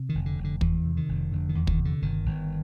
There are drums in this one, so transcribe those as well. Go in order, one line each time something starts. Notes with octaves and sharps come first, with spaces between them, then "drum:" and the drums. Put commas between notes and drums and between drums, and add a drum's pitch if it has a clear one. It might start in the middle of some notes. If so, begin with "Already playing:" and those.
Already playing: C3
D#3
F1
D3
F1
D3
E2 E3, drum: kick
C3
D#3
F1
F1 D3
D#3
E2
D#3, drum: kick
C3
D3
G1 D#3
G1